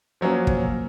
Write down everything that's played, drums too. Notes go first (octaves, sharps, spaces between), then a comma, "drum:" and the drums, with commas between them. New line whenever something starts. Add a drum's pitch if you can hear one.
F3 F#3 A#3 C#4
drum: kick